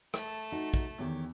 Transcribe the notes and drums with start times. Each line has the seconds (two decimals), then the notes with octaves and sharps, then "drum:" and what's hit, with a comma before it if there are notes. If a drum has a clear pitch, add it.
0.14 A3 A5, drum: rim click
0.52 D#4 F#4
0.74 drum: kick
0.98 E2 D#3 G4 C#5